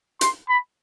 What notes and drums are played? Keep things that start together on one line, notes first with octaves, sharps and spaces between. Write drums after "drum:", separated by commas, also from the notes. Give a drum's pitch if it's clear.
C6, drum: hi-hat
B5